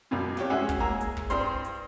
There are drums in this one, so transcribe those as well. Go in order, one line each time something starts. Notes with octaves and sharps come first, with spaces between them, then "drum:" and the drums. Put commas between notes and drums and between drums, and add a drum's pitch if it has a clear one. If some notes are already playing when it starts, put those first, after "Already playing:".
C#2 F#2 B2
F2 G4 C#5, drum: snare
G#3 C#4 F#4 E5 F#5 G#5
drum: kick, hi-hat
G#3 A#3 G#5 A#5 E6
drum: hi-hat
drum: kick
G2 C4 C5 C6, drum: hi-hat
drum: hi-hat